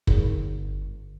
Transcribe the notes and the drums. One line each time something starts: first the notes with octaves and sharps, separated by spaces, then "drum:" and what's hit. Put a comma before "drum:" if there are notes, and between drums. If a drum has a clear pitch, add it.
G1, drum: kick